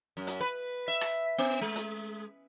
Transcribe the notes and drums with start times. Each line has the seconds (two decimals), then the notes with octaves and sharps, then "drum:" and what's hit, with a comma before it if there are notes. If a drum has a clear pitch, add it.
0.17 F#2
0.27 drum: hi-hat
0.41 B4
0.88 E5
1.01 drum: rim click
1.38 B3
1.61 G#3
1.76 drum: hi-hat